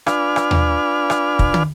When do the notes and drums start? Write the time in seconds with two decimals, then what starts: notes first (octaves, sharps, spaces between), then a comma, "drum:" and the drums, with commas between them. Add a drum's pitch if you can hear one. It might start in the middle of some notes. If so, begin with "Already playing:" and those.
0.07 D4 F4 B4 D5 G#5 F6, drum: rim click
0.36 drum: rim click
0.51 drum: tom D#2
1.10 drum: rim click
1.39 drum: kick
1.54 drum: tom